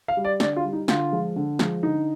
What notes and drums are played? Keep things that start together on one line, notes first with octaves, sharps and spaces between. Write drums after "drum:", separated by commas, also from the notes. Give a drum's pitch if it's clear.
F5
G3
D5
D3 D5, drum: snare
F4
G3
D#4
D3 F4, drum: snare
F3 G#3
D3
F3 G#3, drum: snare
D3 D#4